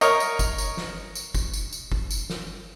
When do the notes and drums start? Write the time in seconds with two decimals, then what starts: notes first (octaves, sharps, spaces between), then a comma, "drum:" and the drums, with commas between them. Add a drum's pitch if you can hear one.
0.01 A#4 C#5 D#5, drum: tambourine
0.20 drum: tambourine
0.39 drum: kick F#1, tambourine
0.58 drum: tambourine
0.77 drum: snare
1.15 drum: tambourine
1.34 drum: kick F#1, tambourine
1.54 drum: tambourine
1.73 drum: tambourine
1.92 drum: kick F#1
2.11 drum: tambourine
2.30 drum: snare